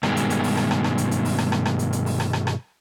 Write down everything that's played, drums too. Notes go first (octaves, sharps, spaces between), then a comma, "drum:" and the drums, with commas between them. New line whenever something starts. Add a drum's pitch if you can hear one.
G2 B2 D#3 G#3, drum: rim click
drum: hi-hat
drum: hi-hat
drum: open hi-hat
drum: rim click
drum: rim click
drum: rim click
drum: hi-hat
drum: hi-hat
drum: open hi-hat
drum: rim click
drum: rim click
drum: rim click
drum: hi-hat
drum: hi-hat
drum: open hi-hat
drum: rim click
drum: rim click
drum: rim click